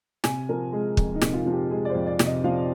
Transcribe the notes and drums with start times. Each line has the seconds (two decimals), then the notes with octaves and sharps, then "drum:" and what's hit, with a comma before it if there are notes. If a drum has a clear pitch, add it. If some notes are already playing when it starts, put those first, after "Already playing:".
0.24 C3 G#5, drum: snare
0.49 F3 A#4
0.72 G#3 G#4
0.97 F2, drum: kick
1.15 D#4
1.21 C3, drum: snare
1.34 F4
1.46 F3
1.53 G4
1.70 G#3 G#4
1.85 D5
1.89 C5
1.95 F2
2.07 D5
2.19 C3, drum: snare
2.25 D#5
2.44 F3 F5